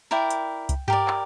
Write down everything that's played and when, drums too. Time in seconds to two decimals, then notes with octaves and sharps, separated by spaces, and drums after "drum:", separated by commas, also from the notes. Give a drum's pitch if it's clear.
0.11 E4 A#4 D5 G5
0.30 drum: hi-hat
0.69 drum: kick C2, hi-hat
0.88 G4 A#4 D5, drum: tom G2
1.08 drum: clap